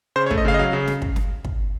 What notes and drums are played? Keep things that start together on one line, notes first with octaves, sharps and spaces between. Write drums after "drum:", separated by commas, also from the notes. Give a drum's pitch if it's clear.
C#3 C5
C#5
A3, drum: kick
D#5
C#3 F5
D#5
F#3 F5
C#3
drum: snare
drum: kick
drum: snare
drum: kick